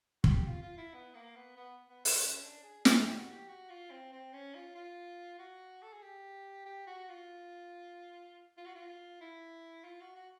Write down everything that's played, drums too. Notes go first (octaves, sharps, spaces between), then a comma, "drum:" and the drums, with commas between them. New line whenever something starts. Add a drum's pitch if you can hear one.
F#4, drum: kick
G4
F4
F4
E4
B3
A#3
B3
B3
B3
C4, drum: open hi-hat
C#4
D4
G#4
G#4, drum: snare
G4
F#4
G4
F#4
F4
C4
C4
C#4
F4
F4
F#4
A4
G#4
G4
G4
F#4
F4
F4
F#4
F4
E4
F4
F#4
F#4